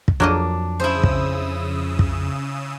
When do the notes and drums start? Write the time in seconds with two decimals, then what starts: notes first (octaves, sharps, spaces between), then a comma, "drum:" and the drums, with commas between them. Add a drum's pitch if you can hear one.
0.08 drum: kick
0.20 F2 F#3 A#3 D4 D#5
0.80 C#3 E4 C5 D#6 E6
1.03 drum: kick
1.99 drum: kick